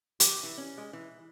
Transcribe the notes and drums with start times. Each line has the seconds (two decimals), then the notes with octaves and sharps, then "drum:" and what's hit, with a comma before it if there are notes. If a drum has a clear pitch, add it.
0.20 G4, drum: hi-hat
0.43 E3
0.58 C#4
0.78 G#3
0.93 E3